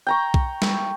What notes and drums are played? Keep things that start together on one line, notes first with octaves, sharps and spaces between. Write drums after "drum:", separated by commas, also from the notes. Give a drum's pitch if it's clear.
G5 A#5 C#6
drum: kick B1
drum: snare